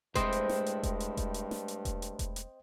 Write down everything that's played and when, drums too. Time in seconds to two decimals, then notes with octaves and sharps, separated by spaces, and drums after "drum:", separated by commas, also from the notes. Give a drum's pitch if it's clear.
0.15 G2 G#3 A3 C4 E4 C5 D#5 G5, drum: kick E1, hi-hat
0.32 drum: hi-hat
0.49 drum: snare
0.66 drum: hi-hat
0.83 drum: kick E1, hi-hat
1.00 drum: hi-hat
1.17 drum: kick E1, hi-hat
1.34 drum: hi-hat
1.51 drum: snare
1.68 drum: hi-hat
1.85 drum: kick E1, hi-hat
2.02 drum: hi-hat
2.19 drum: kick E1, hi-hat
2.36 drum: hi-hat